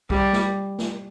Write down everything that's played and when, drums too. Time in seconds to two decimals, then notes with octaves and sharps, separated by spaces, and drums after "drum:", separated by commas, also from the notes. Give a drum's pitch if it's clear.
0.10 G3, drum: kick B1
0.33 drum: snare
0.79 drum: snare